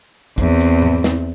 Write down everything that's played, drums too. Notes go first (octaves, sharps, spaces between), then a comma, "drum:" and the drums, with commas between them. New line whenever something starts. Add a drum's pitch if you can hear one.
E2 C4, drum: kick, hi-hat
drum: hi-hat
drum: tom G#2
drum: snare